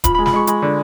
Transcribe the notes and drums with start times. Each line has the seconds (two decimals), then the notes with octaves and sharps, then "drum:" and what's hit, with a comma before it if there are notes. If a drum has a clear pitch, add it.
0.04 F3 B5, drum: kick D1, hi-hat
0.15 G#3 B5
0.26 B5, drum: snare
0.33 G#3 C#6
0.47 G#3 B5, drum: hi-hat
0.62 D3